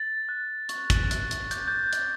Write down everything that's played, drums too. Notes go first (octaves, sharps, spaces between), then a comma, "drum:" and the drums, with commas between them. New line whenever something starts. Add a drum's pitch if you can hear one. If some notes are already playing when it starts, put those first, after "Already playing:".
Already playing: A6
F#6
C#6, drum: hi-hat
drum: kick, hi-hat
F#6, drum: hi-hat
drum: hi-hat
D6 G6, drum: hi-hat
A6
G6
G6, drum: hi-hat